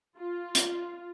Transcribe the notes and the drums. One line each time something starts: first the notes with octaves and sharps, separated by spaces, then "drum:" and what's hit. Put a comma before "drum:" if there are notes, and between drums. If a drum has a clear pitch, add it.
F4
drum: hi-hat